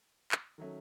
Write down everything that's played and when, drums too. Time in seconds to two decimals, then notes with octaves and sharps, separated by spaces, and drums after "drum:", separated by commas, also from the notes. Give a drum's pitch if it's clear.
0.32 drum: clap
0.58 D#3 F#3 A3 C#4